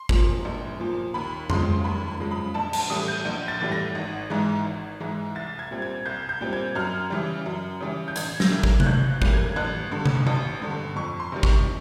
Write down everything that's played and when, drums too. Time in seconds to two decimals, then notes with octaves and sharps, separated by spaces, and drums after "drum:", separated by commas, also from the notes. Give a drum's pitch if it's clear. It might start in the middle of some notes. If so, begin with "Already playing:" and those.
Already playing: C6
0.09 A#2 F3, drum: kick G#1
0.45 A#1
0.80 A#2 F3
1.14 D#2 B5
1.50 C#3 F3 G#3 C6, drum: tom F2
1.84 D#2 B5
2.08 B5
2.20 C#3 F3 G#3
2.31 B5
2.54 A#1 A5
2.73 A5, drum: cymbal
2.90 A2 E3 G3 D#6
3.08 G6
3.25 A#1
3.48 A6
3.61 A2 E3 G3
3.72 A#6
3.95 G#1
4.30 G#2 E3 G#3
4.65 G#1
5.00 G#2 E3 G#3
5.35 C2 A6
5.59 G#6
5.71 A#2 G3 C4
5.82 G#6
6.06 C2 G6
6.29 G6
6.41 A#2 G3 C4
6.53 G#6
6.75 F#2 F6
7.10 C#3 E3 G3
7.46 F#2
7.80 C#3 E3 G3
8.08 G6
8.16 A1 G#6, drum: hi-hat
8.40 A#6, drum: snare
8.51 A2 E3 G3 A#3
8.63 G#6, drum: kick G#1
8.80 F#6, drum: tom C3
8.86 A1 G6
9.10 F#6
9.22 A2 E3 G3 A#3, drum: kick G#1
9.33 G#6
9.56 A1 F#6
9.92 G2 D3
10.05 drum: tom C3
10.27 A1
10.62 G2 D3
10.96 F2 C#6
11.20 C6
11.32 C3 D#3 G3
11.43 C#6, drum: kick G#1